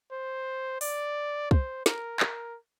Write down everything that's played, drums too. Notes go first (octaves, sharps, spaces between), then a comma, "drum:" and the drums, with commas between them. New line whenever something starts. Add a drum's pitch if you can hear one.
C5
D5, drum: open hi-hat
C5, drum: kick
A#4, drum: snare
A#4, drum: clap